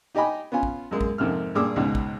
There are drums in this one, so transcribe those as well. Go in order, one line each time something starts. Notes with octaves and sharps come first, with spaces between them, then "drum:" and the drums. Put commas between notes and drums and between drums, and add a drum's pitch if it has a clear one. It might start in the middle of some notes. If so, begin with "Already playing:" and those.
D#4 G4 D#5 G#5 B5
B3 C#4 F4 G#5
drum: kick
F#2 G#3 A#3
drum: kick
F2 G#2 C3 A#3 F6
G2 A#2 G#4 D6 E6
C#2 G#2 B2
drum: kick